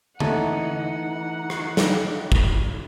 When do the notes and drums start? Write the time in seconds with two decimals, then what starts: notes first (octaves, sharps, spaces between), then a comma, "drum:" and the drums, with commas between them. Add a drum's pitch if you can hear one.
0.20 E3 A3 D#4 F#5 A5, drum: tom D3
1.50 drum: rim click
1.77 drum: snare
2.32 drum: kick